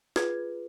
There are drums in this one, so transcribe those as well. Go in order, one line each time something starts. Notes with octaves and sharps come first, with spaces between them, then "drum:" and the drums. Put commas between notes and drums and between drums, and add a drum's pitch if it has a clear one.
F4 G#4 B4 G#6, drum: snare